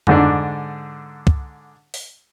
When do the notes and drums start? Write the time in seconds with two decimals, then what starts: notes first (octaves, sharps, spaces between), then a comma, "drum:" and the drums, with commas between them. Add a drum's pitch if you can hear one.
0.07 G#2 D3 D4, drum: tom F2
1.27 drum: kick
1.94 drum: open hi-hat